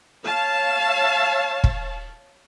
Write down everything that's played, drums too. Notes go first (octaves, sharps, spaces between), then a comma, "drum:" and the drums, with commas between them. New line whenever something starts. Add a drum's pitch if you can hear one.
C#5 F5 A5
drum: kick